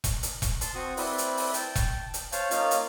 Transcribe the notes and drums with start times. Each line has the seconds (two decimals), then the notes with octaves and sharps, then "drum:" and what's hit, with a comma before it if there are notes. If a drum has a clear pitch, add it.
0.04 drum: kick E1, hi-hat
0.23 drum: hi-hat
0.42 drum: kick E1, hi-hat
0.61 A5 C6, drum: hi-hat
0.75 C4 F#4 C#6 D#6
0.97 C4 E4 B4 D5, drum: open hi-hat
1.18 drum: hi-hat
1.37 drum: open hi-hat
1.54 G5 A5, drum: hi-hat
1.75 drum: kick E1, hi-hat
2.14 drum: hi-hat
2.32 C5 C#5 F5 A5, drum: hi-hat
2.51 A#3 C#4 D#4 F4 F5, drum: hi-hat
2.71 drum: hi-hat